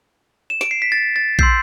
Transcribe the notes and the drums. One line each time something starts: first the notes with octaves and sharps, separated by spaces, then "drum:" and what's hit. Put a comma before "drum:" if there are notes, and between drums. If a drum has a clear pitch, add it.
E7
D7, drum: snare
C7
B6
A6
A6
C6 E6 G6 C7, drum: kick A#1